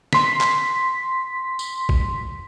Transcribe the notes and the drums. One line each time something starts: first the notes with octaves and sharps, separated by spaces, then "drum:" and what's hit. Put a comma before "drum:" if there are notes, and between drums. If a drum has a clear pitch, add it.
C6 B6, drum: snare
drum: clap
drum: tambourine
drum: kick